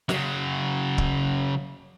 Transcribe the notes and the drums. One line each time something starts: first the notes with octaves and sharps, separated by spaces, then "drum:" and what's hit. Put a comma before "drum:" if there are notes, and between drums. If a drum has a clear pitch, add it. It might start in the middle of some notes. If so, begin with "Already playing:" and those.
C#3 F#3, drum: snare
drum: kick